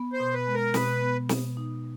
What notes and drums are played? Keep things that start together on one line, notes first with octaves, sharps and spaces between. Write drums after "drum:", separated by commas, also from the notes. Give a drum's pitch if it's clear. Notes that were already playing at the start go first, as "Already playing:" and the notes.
Already playing: B3
C5
B2
B4
G#3
A#4
B2 B4, drum: snare
B3
B2, drum: snare
D#4